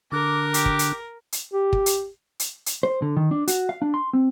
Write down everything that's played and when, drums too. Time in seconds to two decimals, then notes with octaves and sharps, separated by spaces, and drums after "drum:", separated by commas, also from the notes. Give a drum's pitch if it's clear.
0.12 D3 D4 A#4 D6 F#6
0.54 G4, drum: hi-hat
0.66 drum: kick
0.79 drum: hi-hat
1.32 drum: hi-hat
1.53 G4
1.73 drum: kick
1.86 drum: hi-hat
2.39 drum: hi-hat
2.66 drum: hi-hat
2.83 C5
3.02 D3
3.17 D#3
3.31 D4
3.48 F#4, drum: hi-hat
3.69 F5
3.82 D4
3.94 C6
4.13 C4